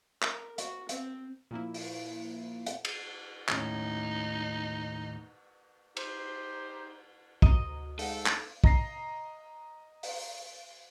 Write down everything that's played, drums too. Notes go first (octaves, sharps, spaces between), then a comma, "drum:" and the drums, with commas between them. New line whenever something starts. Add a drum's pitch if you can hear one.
A#4, drum: clap
F#4, drum: hi-hat
C4, drum: hi-hat
A#2 F3 A#3 E4
drum: open hi-hat
drum: hi-hat
drum: cymbal
D#2 A2 C#4 D#4, drum: clap
D#4 G4 C5, drum: cymbal
D2 F#4 D#5 A#5, drum: kick
G#3 D#4 A4 F#5, drum: open hi-hat
drum: clap
D#5 A#5 A#6 C7, drum: kick
drum: open hi-hat